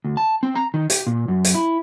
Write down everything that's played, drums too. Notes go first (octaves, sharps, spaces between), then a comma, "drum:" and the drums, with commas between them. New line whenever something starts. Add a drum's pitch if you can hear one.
D2
A5
C4
A#5
D#3
G4, drum: hi-hat
A#2
F#2
drum: hi-hat
E4